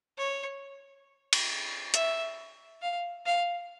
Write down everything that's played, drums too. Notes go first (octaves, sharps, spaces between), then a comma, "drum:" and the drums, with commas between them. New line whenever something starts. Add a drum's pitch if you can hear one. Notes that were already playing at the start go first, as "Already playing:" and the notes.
C#5
drum: cymbal
E5, drum: hi-hat
F5
F5